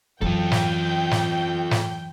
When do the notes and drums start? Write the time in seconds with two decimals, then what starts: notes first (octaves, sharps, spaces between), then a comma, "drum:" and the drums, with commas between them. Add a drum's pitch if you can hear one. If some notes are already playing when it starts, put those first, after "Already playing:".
0.22 F#2 E3 F4 A4 G5 G6
0.51 drum: snare
1.11 drum: snare
1.71 drum: snare